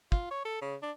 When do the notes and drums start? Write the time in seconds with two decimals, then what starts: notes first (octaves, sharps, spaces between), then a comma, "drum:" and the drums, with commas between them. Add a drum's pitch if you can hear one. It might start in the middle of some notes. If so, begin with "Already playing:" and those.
0.12 F4, drum: kick
0.31 C#5
0.45 A4
0.62 C#3
0.83 D4